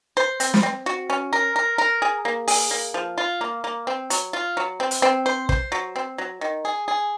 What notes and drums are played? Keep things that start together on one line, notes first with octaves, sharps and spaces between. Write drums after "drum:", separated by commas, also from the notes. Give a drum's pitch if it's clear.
C5
C4, drum: hi-hat
drum: snare
C4
F#4
C#4
A#4
A#4
A#4
G#4
A#3
G#4, drum: open hi-hat
A#3
F3
F4
A#3
A#3
C4
F#3, drum: hi-hat
F4
F#3
C4
drum: hi-hat
C4
C5
C5, drum: kick
F#3
C4
F#3
D#3
G#4
G#4